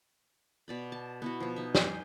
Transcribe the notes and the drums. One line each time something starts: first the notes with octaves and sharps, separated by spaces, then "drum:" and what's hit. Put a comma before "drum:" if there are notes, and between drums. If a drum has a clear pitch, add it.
B2 D5 B5
A5
B3 E4 F#4
B2 F3
D#4 E5
G4 C5 G#5, drum: snare